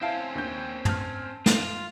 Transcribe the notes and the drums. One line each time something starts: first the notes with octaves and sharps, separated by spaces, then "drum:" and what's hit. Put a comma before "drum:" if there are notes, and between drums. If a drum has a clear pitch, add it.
C4 C#4 E4 F5 A5
D#2 G6
A5 F6, drum: tom
F4, drum: snare